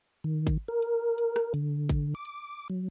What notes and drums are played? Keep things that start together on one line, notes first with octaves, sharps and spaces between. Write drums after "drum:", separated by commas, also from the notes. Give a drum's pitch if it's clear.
D#3
drum: kick G#1, hi-hat
A#4
drum: hi-hat
drum: hi-hat
drum: rim click
D3, drum: hi-hat
drum: kick G#1, hi-hat
D6
drum: hi-hat
F#3